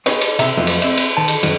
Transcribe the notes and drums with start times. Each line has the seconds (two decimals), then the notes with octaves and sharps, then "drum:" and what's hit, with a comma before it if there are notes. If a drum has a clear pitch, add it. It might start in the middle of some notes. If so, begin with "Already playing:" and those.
0.06 D#4 G4 G#4 B4 C#5 D#5, drum: cymbal
0.21 drum: cymbal
0.39 C3 E5 A#5, drum: cymbal
0.57 F2 F#3 A3 D#4 F4
0.67 drum: cymbal
0.82 C4 E5, drum: cymbal
0.97 drum: cymbal
1.17 D#3 A5
1.28 drum: cymbal
1.43 F#2 A2 D#3 F#3, drum: cymbal